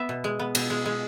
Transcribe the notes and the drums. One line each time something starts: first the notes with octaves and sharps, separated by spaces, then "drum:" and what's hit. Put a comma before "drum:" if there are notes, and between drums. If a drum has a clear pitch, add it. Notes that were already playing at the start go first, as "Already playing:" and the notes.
Already playing: B3 E5
B2
G#3
B3
B2, drum: cymbal
G#3
G#3